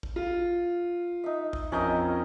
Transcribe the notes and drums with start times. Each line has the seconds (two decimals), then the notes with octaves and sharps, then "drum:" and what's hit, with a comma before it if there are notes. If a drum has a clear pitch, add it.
0.03 drum: kick A1
0.16 F4
1.24 D#4 E5
1.53 drum: kick A1
1.72 F2 C#4 A#4 D#5 G6